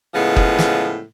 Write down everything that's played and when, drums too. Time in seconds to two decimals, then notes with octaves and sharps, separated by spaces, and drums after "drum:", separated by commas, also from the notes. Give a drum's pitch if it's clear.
0.14 A2 C#3 F3 G#3 B3
0.36 drum: kick F#1
0.59 drum: snare